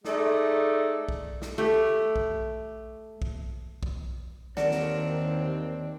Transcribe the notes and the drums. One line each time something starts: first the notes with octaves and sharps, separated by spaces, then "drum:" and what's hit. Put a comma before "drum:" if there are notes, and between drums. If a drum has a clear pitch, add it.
G#3 A3 D#4 A4 D5, drum: snare
drum: kick B1
drum: snare
A3 G4
drum: kick B1
drum: kick B1
drum: kick B1
D#2 D#3 C4 D4 A#4 F#5, drum: snare
drum: snare